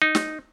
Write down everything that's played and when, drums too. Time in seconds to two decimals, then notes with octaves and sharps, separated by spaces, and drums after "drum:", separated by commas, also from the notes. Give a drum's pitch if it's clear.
0.02 D#4
0.15 drum: snare